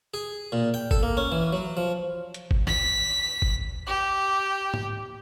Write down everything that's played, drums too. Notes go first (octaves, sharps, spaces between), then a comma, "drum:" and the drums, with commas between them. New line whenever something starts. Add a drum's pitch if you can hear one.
G#4
A#2
G5
A4, drum: kick
A#3
C#4
E3
F#3
F3
drum: hi-hat
drum: kick
B6, drum: snare
drum: kick
G4
drum: tom